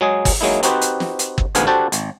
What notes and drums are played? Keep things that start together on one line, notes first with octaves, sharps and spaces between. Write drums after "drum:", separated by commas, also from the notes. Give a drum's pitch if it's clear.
F#3 G#3 G#4
drum: kick, open hi-hat
F#3 G#3 A#3 D#4 E4
C4 D#4 F#4 G4 B4 C5, drum: hi-hat
drum: hi-hat
drum: snare
drum: hi-hat
drum: kick
A1 D2 G#2 B3 F5 G#5, drum: hi-hat
D4 F#4 G4 A4 C5 A5
G#1, drum: hi-hat